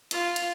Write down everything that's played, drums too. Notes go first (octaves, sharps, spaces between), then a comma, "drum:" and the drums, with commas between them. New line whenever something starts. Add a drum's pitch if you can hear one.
F4, drum: hi-hat
drum: hi-hat